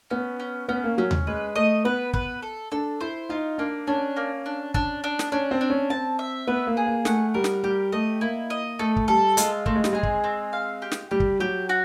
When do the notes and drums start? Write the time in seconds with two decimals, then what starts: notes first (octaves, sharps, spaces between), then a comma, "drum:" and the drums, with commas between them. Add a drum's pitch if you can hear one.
0.10 B3 C#4
0.40 C#4
0.69 B3 C#4
0.84 A#3
0.98 F#3 C#4
1.11 drum: tom D#2
1.27 G#3 B4
1.56 A3 D#5
1.85 B3 B4
2.14 B4, drum: kick
2.42 A4
2.72 D4 A4
3.01 E4 C5
3.29 D#4 F4
3.58 A#3 D4
3.87 C#4 D4
4.17 A#3
4.46 D4
4.74 D4, drum: kick
5.04 D4
5.19 drum: snare
5.32 C#4 D4
5.51 C4
5.61 D4
5.70 C#4
5.90 C4 A5
6.19 E5
6.47 B3 B4
6.67 A#3
6.77 G#4
6.86 A#3
7.05 A3 F#5, drum: snare
7.34 G3 A#4
7.44 drum: snare
7.63 G3 G4
7.92 A3 D#5
8.21 A#3 E4
8.50 D#5
8.79 A3 A4
8.96 drum: kick
9.08 G3 A4
9.37 G#3 F4, drum: hi-hat
9.66 A3 C4, drum: kick
9.76 G#3
9.84 G3, drum: snare
9.93 G#3 G#4
10.03 drum: kick
10.24 C4
10.53 F5
10.82 G4
10.92 drum: snare
11.11 G3 G4
11.20 drum: kick
11.40 F#3 G4
11.69 F#4